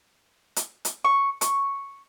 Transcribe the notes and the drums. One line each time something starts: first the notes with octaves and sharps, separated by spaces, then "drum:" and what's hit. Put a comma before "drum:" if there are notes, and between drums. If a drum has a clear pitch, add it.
drum: hi-hat
drum: hi-hat
C#6
C#6, drum: hi-hat